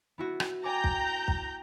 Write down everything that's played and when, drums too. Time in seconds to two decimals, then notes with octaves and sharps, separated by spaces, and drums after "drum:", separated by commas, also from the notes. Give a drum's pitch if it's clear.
0.18 B3 E4 F#4
0.40 drum: rim click
0.64 G5 G#5 A#5 D6 G6
0.84 drum: kick
1.28 drum: kick